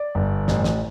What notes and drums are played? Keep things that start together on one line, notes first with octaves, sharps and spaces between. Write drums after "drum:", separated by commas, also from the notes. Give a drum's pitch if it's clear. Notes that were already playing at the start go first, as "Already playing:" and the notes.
Already playing: D5
G1
A1, drum: snare
drum: snare